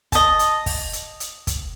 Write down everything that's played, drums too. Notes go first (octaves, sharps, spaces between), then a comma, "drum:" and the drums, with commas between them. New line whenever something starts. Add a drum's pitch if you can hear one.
D#5 A5, drum: kick, hi-hat
drum: hi-hat
drum: kick, open hi-hat
drum: hi-hat
drum: hi-hat
drum: kick, hi-hat